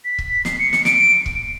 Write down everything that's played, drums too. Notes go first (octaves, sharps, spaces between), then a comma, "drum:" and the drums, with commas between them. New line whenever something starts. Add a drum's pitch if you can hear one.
B6
drum: kick
C7, drum: snare
C#7
C#7, drum: snare
D7, drum: snare
D7
drum: kick